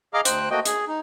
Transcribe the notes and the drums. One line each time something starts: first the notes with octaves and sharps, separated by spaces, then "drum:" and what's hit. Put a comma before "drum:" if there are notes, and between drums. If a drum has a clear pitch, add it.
G#4 D#5 F5 A#5 D6 F6
D2 C5 G5 F#6, drum: hi-hat
A3 A#3 F#4 D#5 G5
G#4, drum: hi-hat
D#4